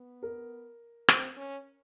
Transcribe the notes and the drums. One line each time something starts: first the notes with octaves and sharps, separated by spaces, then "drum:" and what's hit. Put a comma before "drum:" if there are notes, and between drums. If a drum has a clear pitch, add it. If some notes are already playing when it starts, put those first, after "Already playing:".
Already playing: B3
A#4
C4, drum: rim click
C#4